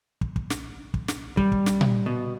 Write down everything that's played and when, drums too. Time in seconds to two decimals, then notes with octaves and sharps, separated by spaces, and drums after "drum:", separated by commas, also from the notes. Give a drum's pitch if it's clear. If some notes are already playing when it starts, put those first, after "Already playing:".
0.21 drum: kick
0.36 drum: kick
0.50 drum: snare
0.94 drum: kick
1.08 drum: snare
1.37 G3, drum: kick
1.52 drum: kick
1.66 drum: snare
1.81 drum: tom A#2
2.06 B2